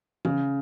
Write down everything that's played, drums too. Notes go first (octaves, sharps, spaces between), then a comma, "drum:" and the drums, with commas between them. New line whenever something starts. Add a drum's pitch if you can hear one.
C#3, drum: tom E3